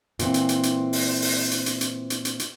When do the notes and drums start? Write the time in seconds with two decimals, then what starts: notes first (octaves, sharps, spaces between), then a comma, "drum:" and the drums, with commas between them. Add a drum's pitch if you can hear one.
0.19 A#2 E3 C4, drum: hi-hat
0.34 drum: hi-hat
0.49 drum: hi-hat
0.63 drum: hi-hat
0.93 drum: open hi-hat
1.22 drum: open hi-hat
1.51 drum: hi-hat
1.66 drum: hi-hat
1.81 drum: hi-hat
2.10 drum: hi-hat
2.25 drum: hi-hat
2.39 drum: hi-hat